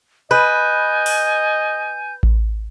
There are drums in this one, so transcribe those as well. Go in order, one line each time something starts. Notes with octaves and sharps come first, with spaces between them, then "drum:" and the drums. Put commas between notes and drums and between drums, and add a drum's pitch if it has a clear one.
B4 D#5 G#5 G6
drum: open hi-hat
drum: kick A1